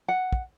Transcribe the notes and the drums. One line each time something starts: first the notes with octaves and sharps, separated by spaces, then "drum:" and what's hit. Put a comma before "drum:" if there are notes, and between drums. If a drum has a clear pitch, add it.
F#5
drum: kick